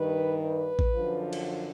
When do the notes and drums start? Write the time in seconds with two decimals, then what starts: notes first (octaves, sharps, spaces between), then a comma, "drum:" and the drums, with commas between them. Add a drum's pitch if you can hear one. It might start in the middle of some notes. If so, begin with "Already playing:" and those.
Already playing: G2 D#3 B4
0.43 B4
0.79 drum: kick A1
0.95 F#2 D3 F3
1.33 drum: cymbal